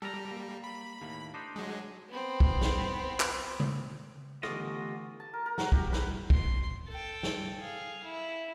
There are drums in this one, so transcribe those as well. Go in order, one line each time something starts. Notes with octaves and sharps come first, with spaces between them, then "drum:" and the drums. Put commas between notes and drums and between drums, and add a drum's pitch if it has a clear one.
G3 A4 A#4 A#5
A#3
B5
D#2 A2 A#3
D4 D#4 C5
F#3 G#3
B3 C4
drum: kick
drum: snare
drum: clap
drum: tom C#3
D3 E3 A3 B3 F4 G4 D#5 C#6, drum: rim click
A5
A#4
A#4
F#4, drum: snare
G4, drum: kick
B4, drum: snare
C6, drum: kick
A4 G5
drum: snare
G#4 F5
E4